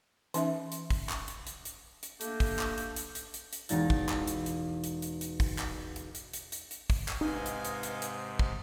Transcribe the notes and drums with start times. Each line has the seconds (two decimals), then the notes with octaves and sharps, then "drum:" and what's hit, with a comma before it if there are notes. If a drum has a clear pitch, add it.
0.34 E3 C#4 D#4 E5, drum: hi-hat
0.72 drum: hi-hat
0.90 drum: kick, open hi-hat
1.09 drum: clap
1.28 drum: hi-hat
1.47 drum: hi-hat
1.65 drum: hi-hat
2.03 drum: hi-hat
2.21 A3 A#3 D4 G4, drum: hi-hat
2.40 drum: kick, open hi-hat
2.59 drum: clap
2.78 drum: hi-hat
2.96 drum: hi-hat
3.15 drum: hi-hat
3.34 drum: hi-hat
3.53 drum: hi-hat
3.69 E1 D#4 A6, drum: hi-hat
3.90 drum: kick
4.09 drum: clap
4.28 drum: hi-hat
4.46 drum: hi-hat
4.84 drum: hi-hat
5.02 drum: hi-hat
5.21 drum: hi-hat
5.40 drum: kick, open hi-hat
5.59 drum: clap
5.96 drum: hi-hat
6.15 drum: hi-hat
6.33 drum: hi-hat
6.52 drum: hi-hat
6.71 drum: hi-hat
6.90 drum: kick, open hi-hat
7.08 drum: clap
7.21 G#2 C3 D#4 B4 D#5 F5 G#5
7.46 drum: hi-hat
7.65 drum: hi-hat
7.83 drum: hi-hat
8.02 drum: hi-hat
8.39 drum: kick